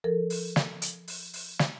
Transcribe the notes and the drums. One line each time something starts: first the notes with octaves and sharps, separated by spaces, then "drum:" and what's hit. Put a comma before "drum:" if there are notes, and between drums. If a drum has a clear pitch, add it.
F3 A4 A#4
drum: open hi-hat
drum: snare
drum: hi-hat
drum: open hi-hat
drum: open hi-hat
drum: snare